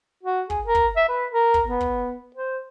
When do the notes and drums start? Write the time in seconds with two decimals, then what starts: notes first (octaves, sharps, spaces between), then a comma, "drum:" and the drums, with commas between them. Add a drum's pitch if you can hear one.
0.23 F#4
0.50 G#4, drum: kick
0.65 A#4
0.75 drum: kick
0.96 E5
1.08 B4
1.32 A#4
1.54 drum: kick
1.67 B3
1.81 drum: kick
2.36 C5